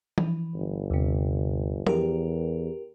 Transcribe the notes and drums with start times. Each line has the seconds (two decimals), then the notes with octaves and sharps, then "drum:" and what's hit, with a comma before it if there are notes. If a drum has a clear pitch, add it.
0.18 E3, drum: tom F3
0.54 G1
0.90 D#2 C3
1.87 E2 G4 A#4, drum: tom F3